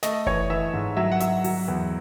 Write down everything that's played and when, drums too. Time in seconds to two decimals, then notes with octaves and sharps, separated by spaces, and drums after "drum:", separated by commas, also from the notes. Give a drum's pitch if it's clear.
0.03 A3 D#5, drum: snare
0.26 E3 C#5, drum: kick F#1
0.50 E3 E5
0.74 G#2
0.97 F#3 E5
1.12 F#5
1.20 F#3 E5, drum: hi-hat
1.44 F#3, drum: open hi-hat
1.68 E2